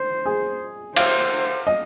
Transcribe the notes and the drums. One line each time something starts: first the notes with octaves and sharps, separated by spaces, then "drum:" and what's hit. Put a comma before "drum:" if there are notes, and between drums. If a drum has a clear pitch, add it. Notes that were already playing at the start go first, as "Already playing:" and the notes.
Already playing: C5
G#4
C5 F5, drum: cymbal
D#5